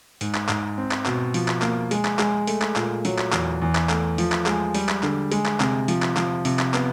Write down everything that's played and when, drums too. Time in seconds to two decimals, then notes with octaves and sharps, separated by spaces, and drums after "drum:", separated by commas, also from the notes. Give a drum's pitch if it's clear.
0.21 G#2, drum: open hi-hat
0.35 drum: clap
0.49 G#2, drum: clap
0.78 C4
0.91 drum: clap
1.06 B2, drum: clap
1.34 F3, drum: open hi-hat
1.48 drum: clap
1.62 A#3, drum: clap
1.91 G#3, drum: open hi-hat
2.05 drum: clap
2.19 G#3, drum: clap
2.47 A3, drum: open hi-hat
2.62 drum: clap
2.76 A#2, drum: clap
3.05 F#3, drum: open hi-hat
3.19 drum: clap
3.33 E2, drum: clap
3.62 E2
3.75 drum: clap
3.89 A3, drum: clap
4.18 F3, drum: open hi-hat
4.32 drum: clap
4.46 G#3, drum: clap
4.75 G3, drum: open hi-hat
4.89 drum: clap
5.03 D3, drum: clap
5.32 G#3, drum: open hi-hat
5.46 drum: clap
5.60 C3, drum: clap
5.88 F3, drum: open hi-hat
6.02 drum: clap
6.17 F3, drum: clap
6.45 C3, drum: open hi-hat
6.59 drum: clap
6.74 B3, drum: clap